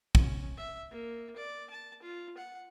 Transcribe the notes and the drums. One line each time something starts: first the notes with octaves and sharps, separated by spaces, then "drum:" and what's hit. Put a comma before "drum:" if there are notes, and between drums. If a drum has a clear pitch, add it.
C#4, drum: kick
E5
A#3
D5
A5
F4
F#5